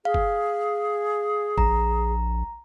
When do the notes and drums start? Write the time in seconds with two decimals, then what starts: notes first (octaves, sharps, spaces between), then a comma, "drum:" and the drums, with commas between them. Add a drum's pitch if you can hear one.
0.05 G#4 F5
0.14 drum: kick F#1
1.58 A#1 A#5, drum: kick F#1